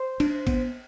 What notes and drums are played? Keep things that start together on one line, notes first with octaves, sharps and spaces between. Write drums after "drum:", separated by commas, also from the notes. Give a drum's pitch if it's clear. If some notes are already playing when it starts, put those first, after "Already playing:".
Already playing: C5
D4, drum: cymbal
B3, drum: kick A1, cymbal